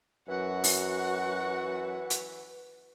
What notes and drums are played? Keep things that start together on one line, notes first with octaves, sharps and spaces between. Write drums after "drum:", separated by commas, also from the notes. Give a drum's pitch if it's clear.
F#2 E3 F#4 F#5
drum: open hi-hat
drum: hi-hat